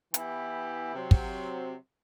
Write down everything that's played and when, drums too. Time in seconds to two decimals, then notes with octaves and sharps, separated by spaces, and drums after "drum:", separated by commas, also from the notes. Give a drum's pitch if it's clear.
0.14 E3 B3 E4 G4, drum: hi-hat
0.94 C3 F#3 C4
1.11 drum: kick